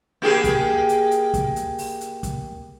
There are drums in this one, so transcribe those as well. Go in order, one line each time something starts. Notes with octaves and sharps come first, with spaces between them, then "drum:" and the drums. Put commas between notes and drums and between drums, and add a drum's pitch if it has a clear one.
A#3 G4 G#4
drum: kick, hi-hat
drum: hi-hat
drum: hi-hat
drum: kick, hi-hat
drum: hi-hat
drum: open hi-hat
drum: hi-hat
drum: kick, hi-hat